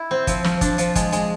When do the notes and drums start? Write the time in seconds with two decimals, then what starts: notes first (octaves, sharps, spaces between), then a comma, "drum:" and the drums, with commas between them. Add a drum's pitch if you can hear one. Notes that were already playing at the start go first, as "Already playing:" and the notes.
Already playing: E4
0.11 C4
0.27 F3, drum: kick G1, hi-hat
0.44 F3, drum: snare
0.61 D4, drum: kick G1, hi-hat
0.78 F3, drum: hi-hat
0.95 G#3, drum: kick G1, hi-hat
1.12 G#3, drum: hi-hat